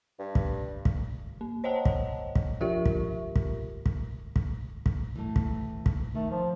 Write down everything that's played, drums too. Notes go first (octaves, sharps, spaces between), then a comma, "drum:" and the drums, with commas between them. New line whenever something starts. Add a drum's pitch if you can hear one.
G2
drum: kick
drum: kick
A#3
C5 C#5 D#5 F#5 G5 A5
drum: kick
drum: kick
F3 F4 G4 A#4 E5 C#6
drum: kick
drum: kick
drum: kick
drum: kick
drum: kick
A2 E3
drum: kick
drum: kick
D#3 A3
F3